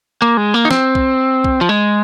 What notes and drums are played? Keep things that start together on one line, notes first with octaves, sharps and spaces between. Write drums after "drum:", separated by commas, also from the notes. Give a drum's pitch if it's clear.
A#3
G#3
A#3
D#4
C4, drum: snare
drum: kick
drum: kick
F3
G#3